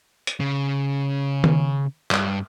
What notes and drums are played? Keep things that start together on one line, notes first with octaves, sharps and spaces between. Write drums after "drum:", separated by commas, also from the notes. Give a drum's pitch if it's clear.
drum: hi-hat
C#3
drum: tom D#3
G2, drum: clap